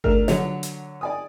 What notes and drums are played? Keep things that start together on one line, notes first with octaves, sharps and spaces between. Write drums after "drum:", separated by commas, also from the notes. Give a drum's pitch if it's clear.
A3 D4 A#4, drum: kick G1
D3 F#3 C#5, drum: snare
drum: hi-hat
D5 G#5 D#6